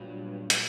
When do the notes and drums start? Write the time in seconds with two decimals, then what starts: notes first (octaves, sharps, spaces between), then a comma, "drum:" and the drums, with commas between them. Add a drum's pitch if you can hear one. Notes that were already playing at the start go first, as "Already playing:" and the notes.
Already playing: G2 A#2 F#3 B3
0.50 drum: hi-hat